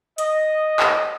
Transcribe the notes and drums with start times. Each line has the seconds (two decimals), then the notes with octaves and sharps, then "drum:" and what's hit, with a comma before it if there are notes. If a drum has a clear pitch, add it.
0.18 D#5, drum: hi-hat
0.80 drum: clap